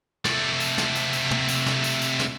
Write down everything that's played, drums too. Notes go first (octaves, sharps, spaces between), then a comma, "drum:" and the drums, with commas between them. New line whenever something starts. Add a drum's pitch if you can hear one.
C3 A3, drum: snare
drum: tambourine
drum: snare
drum: tambourine
drum: tambourine
drum: tom
drum: tambourine
drum: snare
drum: tambourine
drum: tambourine
drum: snare